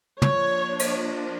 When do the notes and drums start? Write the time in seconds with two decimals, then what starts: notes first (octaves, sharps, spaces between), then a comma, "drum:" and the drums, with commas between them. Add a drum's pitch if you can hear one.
0.22 F3 A#3 D4 C#5, drum: tom
0.79 drum: cymbal